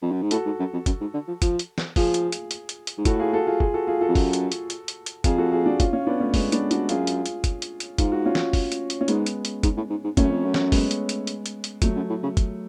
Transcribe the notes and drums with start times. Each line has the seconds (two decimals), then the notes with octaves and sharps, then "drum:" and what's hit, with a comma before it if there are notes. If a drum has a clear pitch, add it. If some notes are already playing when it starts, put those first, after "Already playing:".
0.02 F2
0.11 F#2
0.22 G#2
0.31 A2 F#4 A4, drum: hi-hat
0.45 G#2
0.59 F#2
0.73 F2
0.86 F#2, drum: kick, hi-hat
1.01 G#2
1.14 D3
1.27 F3
1.42 F3, drum: kick, hi-hat
1.59 drum: hi-hat
1.78 drum: snare
1.96 F3 F4 G#4, drum: kick, open hi-hat
2.14 drum: hi-hat
2.32 drum: hi-hat
2.51 drum: hi-hat
2.69 drum: hi-hat
2.87 drum: hi-hat
2.98 G#2
3.05 A2 F#4 A4, drum: kick, hi-hat
3.19 F4 G#4
3.33 F#4 A4
3.46 F4 G#4
3.60 F4 G#4, drum: kick
3.74 F#4 A4
3.87 F4 G#4
4.01 F#4 A4
4.08 F2
4.15 F#2, drum: kick, open hi-hat
4.33 drum: hi-hat
4.52 drum: hi-hat
4.70 drum: hi-hat
4.88 drum: hi-hat
5.06 drum: hi-hat
5.24 F2 F4 G#4, drum: kick, hi-hat
5.38 F#4 A4
5.52 F4 G#4
5.66 D4 F#4
5.80 C#4 F4, drum: kick, hi-hat
5.93 C#4 F4
6.07 B3 D4
6.20 A3 C#4
6.34 G#3 B3, drum: kick, open hi-hat
6.52 B3 D4, drum: hi-hat
6.71 D4 F#4, drum: hi-hat
6.89 F#2 F4 G#4, drum: hi-hat
7.07 drum: hi-hat
7.26 drum: hi-hat
7.44 drum: kick, hi-hat
7.62 drum: hi-hat
7.80 drum: hi-hat
7.98 G#2 F4, drum: kick, hi-hat
8.12 F#4
8.25 C#4 F4
8.35 drum: snare
8.53 drum: kick, open hi-hat
8.72 drum: hi-hat
8.90 drum: hi-hat
9.01 C#4
9.08 G#2 G#3 B3, drum: hi-hat
9.26 drum: hi-hat
9.45 drum: hi-hat
9.63 G#2, drum: kick, hi-hat
9.77 A2
9.90 G#2
10.04 G#2
10.17 F#2 A3 C#4, drum: kick, hi-hat
10.31 F2
10.45 F#2
10.54 drum: snare
10.72 G#3 B3, drum: kick, open hi-hat
10.91 drum: hi-hat
11.09 drum: hi-hat
11.27 drum: hi-hat
11.46 drum: hi-hat
11.64 drum: hi-hat
11.82 F2 F#3 A3, drum: kick, hi-hat
11.96 F#2
12.09 A2
12.23 C#3
12.37 drum: kick, hi-hat